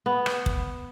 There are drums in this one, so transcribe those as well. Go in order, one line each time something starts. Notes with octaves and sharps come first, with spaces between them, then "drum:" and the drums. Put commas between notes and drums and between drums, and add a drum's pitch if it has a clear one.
B3
drum: rim click
drum: kick